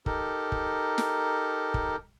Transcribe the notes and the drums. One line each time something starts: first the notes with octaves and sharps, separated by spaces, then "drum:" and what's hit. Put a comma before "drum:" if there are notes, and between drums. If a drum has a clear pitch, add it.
D#4 G4 A4 A#4, drum: kick
drum: kick
drum: snare
drum: kick